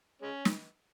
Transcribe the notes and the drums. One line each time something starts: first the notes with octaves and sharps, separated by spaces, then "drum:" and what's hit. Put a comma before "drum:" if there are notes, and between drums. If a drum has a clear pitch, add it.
G#3 C#4
drum: snare